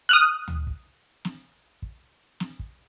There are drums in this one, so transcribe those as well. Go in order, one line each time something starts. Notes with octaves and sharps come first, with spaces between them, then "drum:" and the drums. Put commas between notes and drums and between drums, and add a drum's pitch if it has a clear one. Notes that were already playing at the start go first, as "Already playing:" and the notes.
D#6 F6 F#6
drum: tom D2
drum: kick
drum: snare
drum: kick
drum: snare
drum: kick